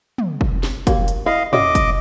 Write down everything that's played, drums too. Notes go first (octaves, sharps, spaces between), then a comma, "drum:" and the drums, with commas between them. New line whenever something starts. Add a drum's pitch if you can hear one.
drum: tom
drum: kick
drum: snare
F#3 A#3 G4, drum: kick, hi-hat
drum: hi-hat
E4 D#5 F5 B5
C#4 F#4 D#5 E5 D6, drum: tom
drum: kick, hi-hat